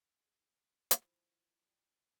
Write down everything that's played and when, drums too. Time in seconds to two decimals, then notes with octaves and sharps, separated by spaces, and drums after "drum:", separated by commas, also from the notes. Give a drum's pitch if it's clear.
0.20 G#4
0.91 F3 E4, drum: hi-hat
1.65 D5 G5 A5 A#5